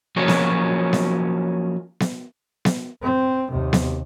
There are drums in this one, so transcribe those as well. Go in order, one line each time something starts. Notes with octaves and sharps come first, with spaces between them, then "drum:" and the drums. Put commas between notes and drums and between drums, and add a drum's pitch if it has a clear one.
F3 F#3 A#3 C#4 F#4 G#4
drum: snare B3
drum: snare B3
drum: snare B3
drum: snare B3
C4
D#2 C3
drum: snare B3